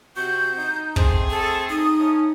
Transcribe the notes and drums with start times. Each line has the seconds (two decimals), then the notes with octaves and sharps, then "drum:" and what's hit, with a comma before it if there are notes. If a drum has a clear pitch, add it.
0.16 C3 F#4 G6
0.57 D#4
0.96 A3 C4 G#4 C5, drum: kick
1.30 A4
1.69 D#4 D#6
2.00 A3 C#4